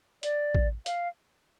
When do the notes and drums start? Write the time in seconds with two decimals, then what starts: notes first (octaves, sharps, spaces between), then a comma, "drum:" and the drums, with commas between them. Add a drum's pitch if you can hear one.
0.23 D5, drum: hi-hat
0.55 drum: kick
0.86 F5, drum: hi-hat